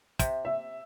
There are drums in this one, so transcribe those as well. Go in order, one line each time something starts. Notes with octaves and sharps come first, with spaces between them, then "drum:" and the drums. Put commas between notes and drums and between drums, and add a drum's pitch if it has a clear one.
C3, drum: kick, hi-hat
E5